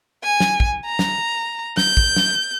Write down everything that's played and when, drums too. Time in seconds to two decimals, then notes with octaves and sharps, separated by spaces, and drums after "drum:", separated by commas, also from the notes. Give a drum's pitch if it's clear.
0.24 G#5
0.40 drum: snare
0.60 drum: kick
0.86 A#5
0.99 drum: snare
1.77 G6, drum: snare
1.97 drum: kick
2.16 drum: snare